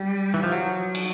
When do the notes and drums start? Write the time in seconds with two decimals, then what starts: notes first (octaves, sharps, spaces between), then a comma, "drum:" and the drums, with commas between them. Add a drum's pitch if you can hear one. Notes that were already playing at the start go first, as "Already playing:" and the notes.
Already playing: G3
0.34 E3
0.43 F3
0.52 F#3
0.95 drum: cymbal